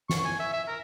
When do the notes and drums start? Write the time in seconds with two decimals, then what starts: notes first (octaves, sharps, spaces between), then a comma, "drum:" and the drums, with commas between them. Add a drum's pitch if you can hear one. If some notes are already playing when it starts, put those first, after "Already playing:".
0.09 C#6, drum: snare
0.25 G#5
0.39 E5
0.53 E5
0.68 A#4